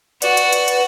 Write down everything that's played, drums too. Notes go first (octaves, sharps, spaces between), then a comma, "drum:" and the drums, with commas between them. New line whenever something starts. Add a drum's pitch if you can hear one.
F#4 B4 D5, drum: hi-hat
drum: hi-hat
drum: hi-hat
drum: hi-hat